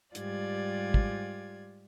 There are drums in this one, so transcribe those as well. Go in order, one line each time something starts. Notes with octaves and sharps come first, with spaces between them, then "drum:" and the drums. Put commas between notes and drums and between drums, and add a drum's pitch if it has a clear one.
G#2 G3 F4 G4 D5 G#6, drum: hi-hat
drum: kick